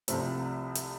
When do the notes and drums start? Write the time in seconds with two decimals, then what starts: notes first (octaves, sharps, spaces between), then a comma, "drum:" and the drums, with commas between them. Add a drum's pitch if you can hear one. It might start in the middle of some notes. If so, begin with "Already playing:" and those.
0.08 C2 C3 F3 A3 C4, drum: hi-hat
0.75 drum: hi-hat